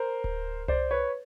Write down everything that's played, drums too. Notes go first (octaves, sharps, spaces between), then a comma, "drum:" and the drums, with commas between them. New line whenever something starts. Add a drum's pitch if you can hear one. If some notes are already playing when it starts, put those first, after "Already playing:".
Already playing: A#4 C5
drum: kick D1
C5 D5, drum: tom C2
B4 C#5